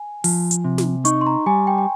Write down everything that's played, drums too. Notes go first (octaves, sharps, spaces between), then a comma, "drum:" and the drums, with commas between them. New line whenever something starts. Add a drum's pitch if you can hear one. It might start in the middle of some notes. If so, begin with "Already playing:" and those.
Already playing: G#5
F3, drum: open hi-hat
drum: hi-hat
C3
drum: snare
D#4 C#6, drum: hi-hat
C6
A#5
G3 G#5
G5
G5